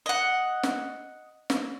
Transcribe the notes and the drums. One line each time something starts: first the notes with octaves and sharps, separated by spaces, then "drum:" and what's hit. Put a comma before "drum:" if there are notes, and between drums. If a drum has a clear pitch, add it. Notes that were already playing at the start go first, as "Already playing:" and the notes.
D#5 F#5
drum: snare
drum: snare